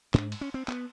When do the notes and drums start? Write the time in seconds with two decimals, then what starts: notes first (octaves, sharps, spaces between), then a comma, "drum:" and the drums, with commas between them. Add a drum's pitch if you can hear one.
0.14 G#2 D4, drum: clap
0.32 drum: cymbal
0.41 C#4
0.54 C4
0.68 B3, drum: clap